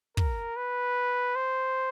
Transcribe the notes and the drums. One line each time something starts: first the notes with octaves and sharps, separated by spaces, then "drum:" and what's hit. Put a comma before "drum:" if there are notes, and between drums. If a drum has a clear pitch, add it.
A#4, drum: kick
B4
C5